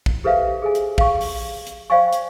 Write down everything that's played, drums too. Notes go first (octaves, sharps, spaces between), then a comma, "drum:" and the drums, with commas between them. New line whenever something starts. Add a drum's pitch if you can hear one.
drum: kick
G4 A4 B4 C5 E5 F5
G#4 A4 G#5
drum: hi-hat
F5 C#6, drum: kick
drum: open hi-hat
drum: hi-hat
C5 D5 F5 G5 G#5 C#6
drum: hi-hat